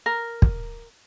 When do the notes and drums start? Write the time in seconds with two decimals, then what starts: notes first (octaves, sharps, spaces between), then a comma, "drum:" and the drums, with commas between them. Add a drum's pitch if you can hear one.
0.06 A#4
0.42 drum: kick